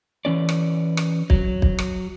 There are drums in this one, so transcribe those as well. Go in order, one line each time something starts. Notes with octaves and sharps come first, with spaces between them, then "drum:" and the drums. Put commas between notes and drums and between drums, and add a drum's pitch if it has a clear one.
E3 F3 C#4 D5
drum: rim click
drum: rim click
F#3, drum: kick
drum: kick
drum: rim click